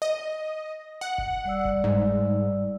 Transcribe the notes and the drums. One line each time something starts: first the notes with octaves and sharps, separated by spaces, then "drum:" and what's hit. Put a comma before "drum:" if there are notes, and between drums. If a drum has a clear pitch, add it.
D#5
F#5
drum: kick F#1
G3 D5 E6
drum: kick F#1
G#2